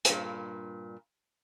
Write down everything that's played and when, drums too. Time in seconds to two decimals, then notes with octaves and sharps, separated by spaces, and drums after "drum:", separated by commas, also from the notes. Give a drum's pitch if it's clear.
0.05 G2 A#2, drum: hi-hat